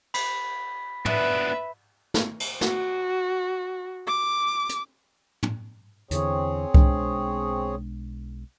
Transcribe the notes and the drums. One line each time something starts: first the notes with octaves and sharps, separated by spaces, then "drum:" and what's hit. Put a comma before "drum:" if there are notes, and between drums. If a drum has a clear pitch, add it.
B5 B6, drum: cymbal
B3 D4 B4 E5, drum: tom
drum: snare
drum: cymbal
F#4, drum: snare
D6
drum: hi-hat
drum: tom
E2 D3 E3 C4 G#4 C#5, drum: hi-hat
B1 G#3 D4, drum: kick C2